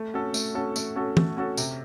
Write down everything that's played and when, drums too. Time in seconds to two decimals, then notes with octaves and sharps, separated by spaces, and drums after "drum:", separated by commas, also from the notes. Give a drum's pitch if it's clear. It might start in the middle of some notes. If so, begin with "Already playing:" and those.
Already playing: A3
0.14 C#4 F#4 A4
0.34 A3, drum: tambourine
0.55 C#4 F#4 A4
0.76 A3, drum: tambourine
0.96 C#4 F#4 A4
1.17 A3, drum: tom
1.37 C#4 F#4 A4
1.57 C3, drum: tambourine